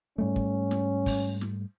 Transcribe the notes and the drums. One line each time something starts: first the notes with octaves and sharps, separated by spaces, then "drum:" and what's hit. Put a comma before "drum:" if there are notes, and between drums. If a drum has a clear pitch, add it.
G#2 G3 A3 C#4
drum: kick
drum: snare
drum: kick, open hi-hat
drum: snare